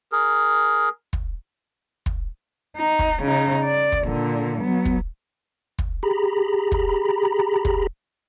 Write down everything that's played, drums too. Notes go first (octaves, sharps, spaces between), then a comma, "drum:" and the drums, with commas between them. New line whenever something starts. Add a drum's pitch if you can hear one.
G#4 A#4
drum: kick
drum: kick
D#4
drum: kick
C#3 D#4
D5
drum: kick
A#2 D3
F#3 B3
drum: kick
drum: kick
G4 G#4 A#5 B5
drum: kick
drum: kick